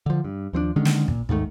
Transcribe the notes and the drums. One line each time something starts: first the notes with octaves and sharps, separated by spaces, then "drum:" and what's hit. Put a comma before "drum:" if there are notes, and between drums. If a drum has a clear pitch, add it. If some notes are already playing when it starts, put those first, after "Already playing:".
D3 F3
G2
D#2 F3 C4 D4
D3 D#3 G#3 C#4
drum: snare
A#2, drum: kick
D#2 G#2 D#3 A3, drum: kick